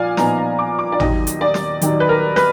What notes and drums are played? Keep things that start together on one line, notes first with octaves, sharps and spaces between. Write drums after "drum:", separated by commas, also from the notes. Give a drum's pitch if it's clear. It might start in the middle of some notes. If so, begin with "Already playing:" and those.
Already playing: A#2 F3 D5 F5 G#5
A#2 F3 B3 D#4 A#5, drum: snare
A#5
D6
D6
D5
D#2 D#3 F#3 D#5, drum: tom G#1
drum: hi-hat
D5
drum: snare
D#2 D#3 F#3, drum: hi-hat
B4
A#4
B4, drum: snare